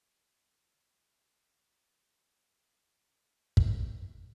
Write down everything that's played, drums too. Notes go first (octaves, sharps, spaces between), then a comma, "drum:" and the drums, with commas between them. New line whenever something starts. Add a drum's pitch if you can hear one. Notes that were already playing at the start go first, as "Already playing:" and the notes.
C5 D5
G#1 F2
drum: kick